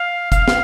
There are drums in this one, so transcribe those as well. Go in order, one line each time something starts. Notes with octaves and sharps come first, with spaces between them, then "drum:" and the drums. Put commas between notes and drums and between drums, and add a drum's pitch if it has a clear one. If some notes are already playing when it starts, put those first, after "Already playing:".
Already playing: F5
F5, drum: kick, hi-hat
drum: snare